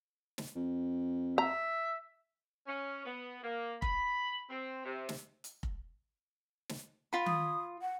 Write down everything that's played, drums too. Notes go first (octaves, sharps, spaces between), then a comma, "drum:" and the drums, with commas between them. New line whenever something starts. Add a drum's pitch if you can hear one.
drum: snare
F2
E5 A#5
C#4
B3
A#3
B5, drum: kick F1
C4
C3
drum: snare
drum: hi-hat
drum: kick F1
drum: snare
F4 B5
D#6, drum: tom D#3
F#5